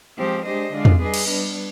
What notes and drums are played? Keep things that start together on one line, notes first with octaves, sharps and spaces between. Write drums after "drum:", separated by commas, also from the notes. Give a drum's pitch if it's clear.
F3 G#3 C4 G4 C5
G#3 D4 G4 C5 D#5
D3 G#3 D4 F4
drum: tom E2
G3 D4 G#4 B4 D#5
drum: cymbal
G3 B3 D4